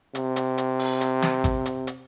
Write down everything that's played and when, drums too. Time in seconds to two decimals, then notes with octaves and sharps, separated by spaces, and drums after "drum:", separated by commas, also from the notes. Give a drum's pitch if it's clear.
0.15 C3, drum: hi-hat
0.36 drum: hi-hat
0.58 drum: hi-hat
0.79 drum: open hi-hat
1.01 drum: hi-hat
1.22 drum: snare
1.44 drum: kick G#1, hi-hat
1.66 drum: hi-hat
1.87 drum: hi-hat